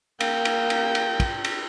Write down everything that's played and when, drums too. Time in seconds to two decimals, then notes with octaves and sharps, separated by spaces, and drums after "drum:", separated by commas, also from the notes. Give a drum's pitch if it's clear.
0.20 A#3 G5, drum: cymbal
0.45 drum: cymbal
0.70 drum: cymbal
0.95 drum: cymbal
1.20 drum: kick, cymbal
1.45 drum: cymbal